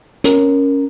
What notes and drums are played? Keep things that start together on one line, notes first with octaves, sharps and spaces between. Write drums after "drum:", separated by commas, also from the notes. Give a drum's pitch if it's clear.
C#4 A#4, drum: hi-hat